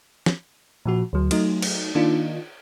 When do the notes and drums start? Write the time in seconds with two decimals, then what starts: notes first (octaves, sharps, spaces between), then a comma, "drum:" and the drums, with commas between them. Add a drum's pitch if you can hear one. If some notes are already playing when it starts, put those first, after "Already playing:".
0.26 drum: snare
0.85 A#2 F3 F#4
1.13 D2 F#3
1.31 F#3 A3 D#4, drum: cymbal
1.62 drum: cymbal
1.95 D#3 A#3 D4 D#4 F4